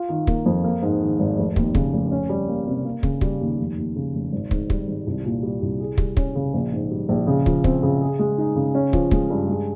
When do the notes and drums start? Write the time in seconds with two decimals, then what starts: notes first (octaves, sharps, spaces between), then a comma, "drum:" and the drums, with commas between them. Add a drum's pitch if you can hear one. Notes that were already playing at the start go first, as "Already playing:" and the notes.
Already playing: F4
0.09 D#3
0.27 A#3, drum: kick
0.46 F2
0.64 A#3
0.82 G#2
1.01 D#3
1.19 G#1
1.38 F1
1.56 D#2, drum: kick
1.75 C#3, drum: kick
1.93 F1
2.11 C#4
2.29 G3
2.48 A#3
2.67 C3
2.84 A#3
3.03 C#3, drum: kick
3.21 G3, drum: kick
3.41 D#2
3.59 F1
3.78 D#2
3.96 C#3
4.14 F1
4.33 G#1
4.51 G#2, drum: kick
4.70 G3, drum: kick
4.88 G#1
5.07 C2
5.25 A#2
5.43 G3
5.62 C2
5.80 G#4
5.98 G3, drum: kick
6.17 C#4, drum: kick
6.35 C#3
6.54 A#1
6.72 G#2
6.91 G3
7.09 A#1
7.27 C#3
7.46 F3, drum: kick
7.64 C4, drum: kick
7.83 C#3
8.01 G#4
8.19 G#3
8.38 D#4
8.56 C#3
8.75 C#4
8.93 F3, drum: kick
9.11 G#3, drum: kick
9.30 G2
9.48 G#3